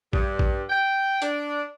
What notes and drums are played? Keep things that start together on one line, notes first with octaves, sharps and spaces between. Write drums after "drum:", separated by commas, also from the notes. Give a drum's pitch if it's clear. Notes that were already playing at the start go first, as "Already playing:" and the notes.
G2, drum: kick
drum: kick
G5
D4, drum: hi-hat